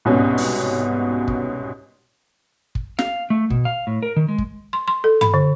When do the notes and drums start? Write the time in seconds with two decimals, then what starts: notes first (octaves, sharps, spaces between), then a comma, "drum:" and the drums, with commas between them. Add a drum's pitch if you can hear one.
0.05 C2 G#2 B2 C#4
0.38 drum: open hi-hat
1.28 drum: kick
2.75 drum: kick
2.99 F5, drum: snare
3.30 A3
3.50 B2, drum: kick
3.65 F5
3.87 A2
4.03 A#4
4.16 D#3
4.28 G#3
4.38 drum: kick
4.73 C6
4.88 C6
5.04 A4
5.21 B5, drum: tom G2
5.34 D3